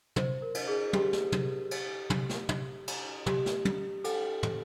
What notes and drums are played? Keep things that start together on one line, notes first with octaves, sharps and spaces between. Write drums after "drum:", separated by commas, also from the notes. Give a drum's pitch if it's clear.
C5, drum: tom
A#4
drum: cymbal
G#4
G4, drum: tom
drum: snare
drum: tom
drum: cymbal
drum: tom
drum: snare
drum: tom
drum: cymbal
G4, drum: tom
drum: snare
drum: tom
A4, drum: cymbal
drum: tom